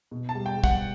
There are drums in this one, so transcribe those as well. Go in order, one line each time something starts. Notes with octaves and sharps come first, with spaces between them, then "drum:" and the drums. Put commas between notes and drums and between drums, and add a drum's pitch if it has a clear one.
B2
A5
G3
G5
G3
F#5, drum: kick